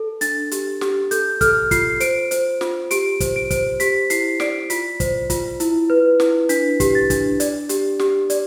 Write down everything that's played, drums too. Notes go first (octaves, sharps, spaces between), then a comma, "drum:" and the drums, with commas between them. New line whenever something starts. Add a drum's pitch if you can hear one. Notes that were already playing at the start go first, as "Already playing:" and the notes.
Already playing: A4
D4 A6, drum: hi-hat
G4, drum: hi-hat
G4, drum: snare
A4 G6, drum: hi-hat
A4 F6, drum: kick, hi-hat
F4 C7, drum: kick, hi-hat
C5 D7, drum: hi-hat
C5, drum: hi-hat
F4, drum: snare
G4 D7, drum: hi-hat
C5, drum: kick, hi-hat
D7
C5, drum: kick, hi-hat
G4 B6, drum: hi-hat
E4 C7, drum: hi-hat
D5 D7, drum: snare
F4 B6, drum: hi-hat
C5, drum: kick, hi-hat
F4, drum: kick, hi-hat
E4, drum: hi-hat
B4
E4, drum: snare
D4 B6, drum: hi-hat
G4, drum: kick, hi-hat
A6
D4, drum: kick, hi-hat
D5, drum: hi-hat
G4, drum: hi-hat
G4, drum: snare
D5, drum: hi-hat